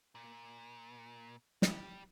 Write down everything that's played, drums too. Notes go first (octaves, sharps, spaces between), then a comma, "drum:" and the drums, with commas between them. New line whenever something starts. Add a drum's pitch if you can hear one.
A#2
G3, drum: snare